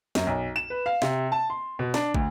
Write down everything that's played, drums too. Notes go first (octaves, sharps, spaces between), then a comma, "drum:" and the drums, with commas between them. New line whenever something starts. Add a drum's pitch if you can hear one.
F#2, drum: snare
B1
E7
B4
F5
C3, drum: snare
A5
C6
B2
D4, drum: snare
D2, drum: kick